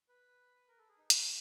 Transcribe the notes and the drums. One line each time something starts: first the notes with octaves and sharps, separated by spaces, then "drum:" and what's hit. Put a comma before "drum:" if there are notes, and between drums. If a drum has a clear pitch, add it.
B4
A#4
A4
G#4
D#4
drum: hi-hat